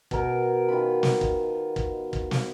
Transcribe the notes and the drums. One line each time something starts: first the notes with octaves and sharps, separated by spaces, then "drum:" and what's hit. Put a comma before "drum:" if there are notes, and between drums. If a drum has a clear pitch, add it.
B2 A#4, drum: kick
D#3 F4 B5
drum: snare
drum: kick
drum: kick
drum: kick
drum: snare